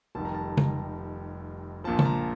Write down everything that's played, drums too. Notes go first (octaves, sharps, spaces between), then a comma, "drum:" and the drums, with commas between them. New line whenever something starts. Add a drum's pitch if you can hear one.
F1 F2 D#3 G3 A5
A#5
A5
A#5, drum: tom C#3
A#1 A#2 F3 A5
A5, drum: tom C#3
A#5